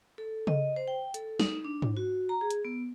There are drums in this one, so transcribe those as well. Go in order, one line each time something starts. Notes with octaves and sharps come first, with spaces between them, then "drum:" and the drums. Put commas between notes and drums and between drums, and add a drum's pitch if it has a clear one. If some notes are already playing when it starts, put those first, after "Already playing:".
A4
D#5, drum: tom C#3
C5
G5
A4, drum: hi-hat
D#4, drum: snare
D4
drum: tom G#2
F#4
A#5
G#4
drum: hi-hat
B3